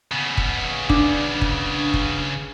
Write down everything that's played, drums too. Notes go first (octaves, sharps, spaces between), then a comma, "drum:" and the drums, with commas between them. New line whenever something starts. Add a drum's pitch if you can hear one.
C#3 B3
drum: kick
D4, drum: kick
drum: kick
drum: kick